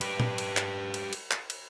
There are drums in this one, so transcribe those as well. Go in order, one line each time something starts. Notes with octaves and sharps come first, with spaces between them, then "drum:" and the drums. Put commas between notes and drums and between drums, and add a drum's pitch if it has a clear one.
G4 B4, drum: cymbal
drum: tom A#2
drum: cymbal
drum: clap
drum: cymbal
drum: cymbal
drum: clap
drum: cymbal